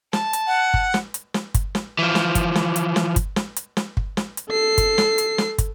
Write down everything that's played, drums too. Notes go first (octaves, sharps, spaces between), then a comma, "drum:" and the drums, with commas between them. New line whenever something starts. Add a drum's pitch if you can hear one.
A5, drum: snare
drum: hi-hat
F#5
drum: kick
drum: snare
drum: hi-hat
drum: snare
drum: kick, hi-hat
drum: snare
E3 F3
drum: snare
drum: kick, hi-hat
drum: snare
drum: hi-hat
drum: snare
drum: kick, hi-hat
drum: snare
drum: hi-hat
drum: snare
drum: kick
drum: snare
drum: hi-hat
A4 C7
drum: kick, hi-hat
drum: snare
drum: hi-hat
drum: snare
drum: kick, hi-hat